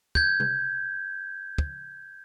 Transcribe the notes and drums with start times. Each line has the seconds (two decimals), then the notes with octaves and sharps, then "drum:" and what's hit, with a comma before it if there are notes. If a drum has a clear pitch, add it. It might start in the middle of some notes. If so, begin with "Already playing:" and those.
0.15 G6 G#6, drum: kick
0.40 drum: tom C3
1.58 drum: kick